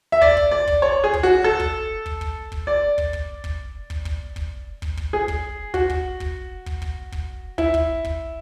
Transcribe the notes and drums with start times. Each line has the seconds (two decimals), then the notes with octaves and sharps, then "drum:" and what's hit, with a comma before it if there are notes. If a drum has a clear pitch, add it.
0.12 E5
0.21 D5, drum: kick
0.37 drum: kick
0.51 D5
0.67 drum: kick
0.82 C#5
1.04 G#4
1.13 drum: kick
1.23 F#4
1.44 A4
1.60 drum: kick
2.06 drum: kick
2.21 drum: kick
2.52 drum: kick
2.67 D5
2.98 drum: kick
3.13 drum: kick
3.44 drum: kick
3.90 drum: kick
4.05 drum: kick
4.36 drum: kick
4.82 drum: kick
4.97 drum: kick
5.13 G#4
5.28 drum: kick
5.74 F#4, drum: kick
5.90 drum: kick
6.20 drum: kick
6.66 drum: kick
6.82 drum: kick
7.12 drum: kick
7.58 E4, drum: kick
7.74 drum: kick
8.04 drum: kick